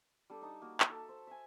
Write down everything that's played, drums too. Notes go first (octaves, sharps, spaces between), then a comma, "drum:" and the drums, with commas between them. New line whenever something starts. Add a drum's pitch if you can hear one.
G3 D4 A4
D#4 A5 D#6
A#3 F#4
drum: clap
A4 E5 A5
C5
E5 G#5